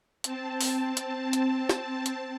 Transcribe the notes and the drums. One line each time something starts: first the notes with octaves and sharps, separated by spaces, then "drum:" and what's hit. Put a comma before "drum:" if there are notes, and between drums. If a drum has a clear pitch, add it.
C4 A5, drum: hi-hat
drum: open hi-hat
drum: hi-hat
drum: hi-hat
drum: snare
drum: hi-hat